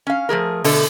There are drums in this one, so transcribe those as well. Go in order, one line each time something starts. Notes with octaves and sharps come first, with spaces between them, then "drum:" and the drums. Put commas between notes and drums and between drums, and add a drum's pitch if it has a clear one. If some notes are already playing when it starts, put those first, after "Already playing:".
C#4 F5
F3 A3 G#4 A#4
B2 D3 A3 A4, drum: open hi-hat